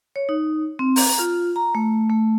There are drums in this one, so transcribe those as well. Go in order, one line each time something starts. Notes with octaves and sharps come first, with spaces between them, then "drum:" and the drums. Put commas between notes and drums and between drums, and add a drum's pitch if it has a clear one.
C#5
D#4
C4
A#5, drum: open hi-hat
F4
A#5
A3
A3